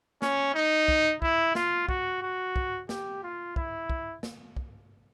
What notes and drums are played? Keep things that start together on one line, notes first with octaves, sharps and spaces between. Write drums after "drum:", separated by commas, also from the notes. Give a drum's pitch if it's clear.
C#4, drum: snare
D#4
drum: kick
E4, drum: kick
F4, drum: snare
F#4, drum: kick
F#4
drum: kick
G4, drum: snare
F4
E4, drum: kick
drum: kick
drum: snare
drum: kick